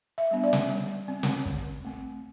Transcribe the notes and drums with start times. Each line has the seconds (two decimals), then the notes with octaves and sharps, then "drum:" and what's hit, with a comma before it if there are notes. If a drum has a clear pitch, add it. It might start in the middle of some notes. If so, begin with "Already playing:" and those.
0.18 E5
0.31 G3 B3 D4
0.44 D5
0.53 drum: snare
0.70 G3
1.08 C4
1.23 drum: snare
1.45 D3, drum: kick
1.85 A3 C4